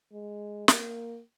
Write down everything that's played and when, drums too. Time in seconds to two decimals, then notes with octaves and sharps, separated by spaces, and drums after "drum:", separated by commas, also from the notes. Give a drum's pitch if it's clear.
0.13 G#3
0.68 A#3, drum: snare